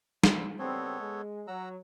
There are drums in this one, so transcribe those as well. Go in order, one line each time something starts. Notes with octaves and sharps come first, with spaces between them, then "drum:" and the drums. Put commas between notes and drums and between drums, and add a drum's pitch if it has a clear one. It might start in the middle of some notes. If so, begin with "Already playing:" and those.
G3 C6 E6, drum: snare
C#3 G3 B3 C4 A4 C#5
G#3
F#3 F#5 A#5 E6